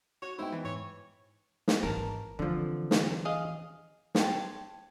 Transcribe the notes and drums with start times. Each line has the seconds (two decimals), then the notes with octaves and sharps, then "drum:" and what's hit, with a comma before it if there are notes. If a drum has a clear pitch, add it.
0.22 F#4 C#5
0.39 G#3 B3 D#4 E4 C5 G5
0.52 E3
0.65 G#2 C#5
1.68 drum: snare
1.83 G#1 E3 A#4 A5
2.39 D3 E3 F3 C4
2.91 drum: snare
3.25 G#4 D#5 F5
4.15 C#5 G5 A5 C6, drum: snare